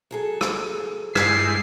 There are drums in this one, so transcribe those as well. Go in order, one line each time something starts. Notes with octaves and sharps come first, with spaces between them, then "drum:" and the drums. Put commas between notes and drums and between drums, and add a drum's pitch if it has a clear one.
F#3 G#4 A4
drum: rim click
G2 G#3 E4 G#6 B6 C7, drum: rim click